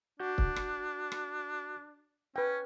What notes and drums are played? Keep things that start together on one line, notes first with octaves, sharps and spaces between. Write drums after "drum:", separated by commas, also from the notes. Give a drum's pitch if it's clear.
D4 F#4 G6
drum: kick C#1
drum: rim click
drum: rim click
C#4 B4 G5